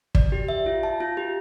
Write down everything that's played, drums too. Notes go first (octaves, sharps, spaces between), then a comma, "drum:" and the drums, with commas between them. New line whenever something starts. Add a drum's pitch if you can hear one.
D5, drum: kick
G4
E5
F4
A5
F4
G4